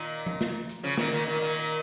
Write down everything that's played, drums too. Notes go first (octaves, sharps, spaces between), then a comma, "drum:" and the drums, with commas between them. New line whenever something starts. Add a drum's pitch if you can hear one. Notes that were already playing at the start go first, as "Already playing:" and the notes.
Already playing: A#2 D#3
drum: tom F3
drum: snare
drum: hi-hat
C#3 F3
A#2 D#3, drum: snare
A#2 D#3
A#2 D#3, drum: hi-hat
A#2 D#3
drum: hi-hat